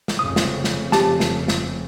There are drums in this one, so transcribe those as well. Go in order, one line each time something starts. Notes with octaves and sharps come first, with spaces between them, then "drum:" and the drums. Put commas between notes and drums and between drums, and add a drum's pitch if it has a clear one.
drum: snare
F1 F2 C#3 D#6
drum: snare
drum: snare
G4 A5, drum: snare
drum: snare
drum: snare